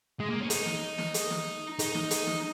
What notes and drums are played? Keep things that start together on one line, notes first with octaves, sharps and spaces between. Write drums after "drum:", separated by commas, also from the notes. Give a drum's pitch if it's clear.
G#3
A#3
C#4
D#4, drum: hi-hat
drum: snare
drum: snare
drum: hi-hat
drum: snare
D#4, drum: hi-hat
drum: snare
drum: hi-hat
drum: snare